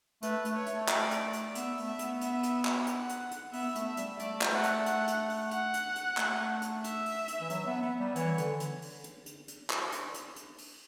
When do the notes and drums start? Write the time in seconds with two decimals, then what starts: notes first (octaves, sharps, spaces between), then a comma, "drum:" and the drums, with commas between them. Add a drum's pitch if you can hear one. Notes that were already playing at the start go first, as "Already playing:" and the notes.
0.22 A3 B4, drum: hi-hat
0.45 A3, drum: hi-hat
0.56 C#5
0.66 A3, drum: hi-hat
0.88 D5, drum: clap
1.11 drum: hi-hat
1.33 drum: hi-hat
1.55 B3 E5, drum: hi-hat
1.78 A3, drum: open hi-hat
1.88 E5
1.99 B3, drum: hi-hat
2.21 E5, drum: hi-hat
2.43 drum: hi-hat
2.65 drum: clap
2.87 F#5, drum: hi-hat
3.09 drum: hi-hat
3.31 drum: hi-hat
3.53 B3 E5, drum: open hi-hat
3.75 A3, drum: hi-hat
3.86 E5
3.97 G3, drum: hi-hat
4.19 A3 D5, drum: hi-hat
4.41 drum: clap
4.53 A3 F#5
4.63 drum: hi-hat
4.86 F#5, drum: hi-hat
5.07 drum: hi-hat
5.29 drum: open hi-hat
5.51 F#5, drum: hi-hat
5.73 drum: hi-hat
5.96 drum: hi-hat
6.17 A3, drum: clap
6.62 drum: hi-hat
6.84 E5, drum: hi-hat
7.06 drum: open hi-hat
7.28 drum: hi-hat
7.41 E3
7.50 F#3, drum: hi-hat
7.67 B3
7.82 B3
7.99 G3
8.15 E3 C#5, drum: hi-hat
8.38 D3, drum: hi-hat
8.60 drum: hi-hat
8.82 drum: open hi-hat
9.04 drum: hi-hat
9.26 drum: hi-hat
9.48 drum: hi-hat
9.70 drum: clap
9.92 drum: hi-hat
10.14 drum: hi-hat
10.36 drum: hi-hat
10.58 drum: open hi-hat